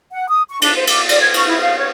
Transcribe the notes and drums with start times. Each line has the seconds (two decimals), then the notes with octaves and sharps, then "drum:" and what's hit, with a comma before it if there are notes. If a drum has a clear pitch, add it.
0.12 F#5
0.28 D#6
0.49 C#6
0.62 D4, drum: cymbal
0.76 C5
0.87 D6, drum: cymbal
1.09 D5, drum: cymbal
1.21 G#6
1.34 C#6, drum: cymbal
1.48 E4
1.61 F5
1.77 C#5